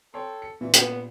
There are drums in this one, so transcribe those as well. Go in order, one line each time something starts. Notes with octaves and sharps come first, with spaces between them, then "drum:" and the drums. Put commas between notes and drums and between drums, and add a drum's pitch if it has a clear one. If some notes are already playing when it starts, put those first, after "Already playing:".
A4 C#5 G5 C6
C#7
A#2 E3
B3, drum: hi-hat